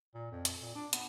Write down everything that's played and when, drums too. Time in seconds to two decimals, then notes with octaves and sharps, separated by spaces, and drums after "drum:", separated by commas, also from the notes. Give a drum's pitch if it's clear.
0.14 A#2
0.31 F2
0.45 drum: hi-hat
0.62 A#2
0.75 D4
0.93 B3, drum: hi-hat